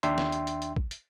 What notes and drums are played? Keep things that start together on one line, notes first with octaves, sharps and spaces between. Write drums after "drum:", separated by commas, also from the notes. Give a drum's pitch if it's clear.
D#2 D4 E5 G5 C6, drum: hi-hat
drum: snare
drum: hi-hat
drum: hi-hat
drum: hi-hat
drum: kick
drum: hi-hat